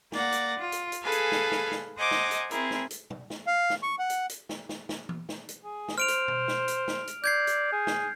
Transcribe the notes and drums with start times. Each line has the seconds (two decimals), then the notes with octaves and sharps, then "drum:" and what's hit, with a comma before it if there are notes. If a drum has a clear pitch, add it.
0.12 A#3 D5 F#5 A#6, drum: snare
0.32 drum: hi-hat
0.59 F4
0.72 drum: hi-hat
0.92 drum: hi-hat
1.03 G#4 A4 B4 F5 G#5
1.12 drum: hi-hat
1.32 drum: snare
1.52 drum: snare
1.71 drum: snare
1.98 C5 D#5 F#5 G#5 A#5 D6
2.11 drum: snare
2.31 drum: hi-hat
2.51 C4 E4 G#4 A#4, drum: hi-hat
2.71 drum: snare
2.91 drum: hi-hat
3.10 drum: tom
3.30 drum: snare
3.47 F5
3.70 drum: snare
3.83 C#6
3.99 F#5
4.10 drum: hi-hat
4.29 drum: hi-hat
4.49 drum: snare
4.69 drum: snare
4.89 drum: snare
5.09 drum: tom E3
5.29 drum: snare
5.49 drum: hi-hat
5.64 G#4
5.88 drum: snare
5.98 C5 F6 D7 F7
6.08 drum: hi-hat
6.28 drum: tom
6.48 drum: snare
6.68 drum: hi-hat
6.88 drum: snare
7.07 drum: hi-hat
7.24 D5 G6 G#6 C7
7.47 drum: hi-hat
7.72 G#4
7.87 drum: snare